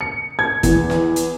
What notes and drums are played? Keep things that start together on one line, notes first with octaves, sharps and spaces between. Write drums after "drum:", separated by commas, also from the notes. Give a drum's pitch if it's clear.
C#7
G#6
E2, drum: kick, hi-hat
drum: snare
drum: hi-hat